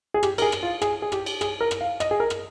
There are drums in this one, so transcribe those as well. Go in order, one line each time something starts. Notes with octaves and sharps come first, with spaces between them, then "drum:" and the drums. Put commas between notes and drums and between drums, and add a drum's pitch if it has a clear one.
G#4
G4, drum: rim click
A#4, drum: cymbal
G#4
drum: rim click
F4
G#4, drum: rim click
G#4
G4, drum: rim click
drum: cymbal
G#4, drum: rim click
A#4
drum: rim click
F5
D#5, drum: rim click
G#4
A#4
drum: rim click